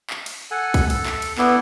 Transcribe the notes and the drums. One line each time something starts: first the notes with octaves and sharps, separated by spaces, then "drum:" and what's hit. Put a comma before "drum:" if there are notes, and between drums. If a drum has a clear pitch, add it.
drum: clap
drum: cymbal
A4 F#5 G#5
drum: kick, cymbal
A4, drum: cymbal
drum: clap
drum: cymbal
B3 D4 E4 A4, drum: clap